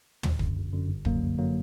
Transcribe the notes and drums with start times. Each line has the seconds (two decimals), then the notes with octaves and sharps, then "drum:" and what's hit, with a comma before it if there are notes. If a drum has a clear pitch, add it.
0.23 G1, drum: tom
0.39 F#2 D3, drum: kick
0.55 G1
0.73 F#2 D3
0.89 G1
1.05 F#2 D3 F#3 A#3, drum: kick
1.22 G1
1.38 D3 F#3 A#3